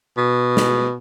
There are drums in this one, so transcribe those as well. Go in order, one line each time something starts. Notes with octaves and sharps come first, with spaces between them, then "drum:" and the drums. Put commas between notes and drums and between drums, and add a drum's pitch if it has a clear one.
B2
drum: snare